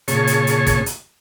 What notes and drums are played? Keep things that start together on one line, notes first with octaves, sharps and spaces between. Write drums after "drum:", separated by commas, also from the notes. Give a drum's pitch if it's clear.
A#2 C#3 G#4 C#5 A5 C#6, drum: hi-hat
drum: hi-hat
drum: hi-hat
drum: kick, hi-hat
drum: hi-hat